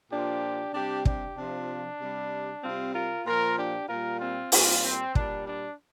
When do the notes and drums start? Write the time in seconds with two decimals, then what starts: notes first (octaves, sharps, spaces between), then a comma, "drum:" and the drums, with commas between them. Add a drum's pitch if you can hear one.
0.11 A#2 F3 D4 G4
0.74 C3 G3 D4 G4
1.05 D4 G4, drum: kick
1.37 C3 F3 D4
2.01 C3 G3
2.63 C3 G3 C4 F4
2.94 F4 A#4
3.26 A#2 F3 F4 A#4
3.58 D4 G4
3.89 A#2 G3 F4 A#4
4.20 C4 F4
4.52 A#2 G3 C4 F4, drum: open hi-hat
4.84 C4
5.15 A#2 G3 D4, drum: kick
5.47 D4